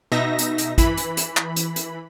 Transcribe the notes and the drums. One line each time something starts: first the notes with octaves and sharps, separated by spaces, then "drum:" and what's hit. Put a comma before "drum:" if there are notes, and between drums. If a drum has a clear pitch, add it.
B2 D#4 E5 A#6
drum: hi-hat
drum: hi-hat
E3 B5, drum: kick A1, hi-hat
drum: hi-hat
drum: hi-hat
drum: clap
drum: hi-hat
drum: hi-hat